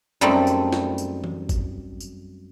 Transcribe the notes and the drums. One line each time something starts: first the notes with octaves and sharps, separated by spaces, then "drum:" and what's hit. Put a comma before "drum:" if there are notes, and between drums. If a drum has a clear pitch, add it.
F#2 G3 A3 C4 D#4
drum: tambourine
drum: snare
drum: tambourine
drum: tom E3
drum: kick, tambourine
drum: tambourine